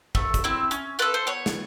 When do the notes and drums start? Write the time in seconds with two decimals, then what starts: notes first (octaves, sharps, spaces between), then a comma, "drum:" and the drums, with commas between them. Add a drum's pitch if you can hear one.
0.15 A3, drum: kick
0.34 drum: kick, hi-hat
0.44 C4 E4
0.71 C#4, drum: hi-hat
0.99 F4 A4 B4
1.14 C5
1.27 B3 C#5
1.46 drum: snare